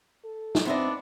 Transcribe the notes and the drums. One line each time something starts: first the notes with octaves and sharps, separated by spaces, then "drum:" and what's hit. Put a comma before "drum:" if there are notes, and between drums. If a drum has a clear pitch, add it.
A4
drum: snare
B3 C4 D4 D#4 D#5 E5 C6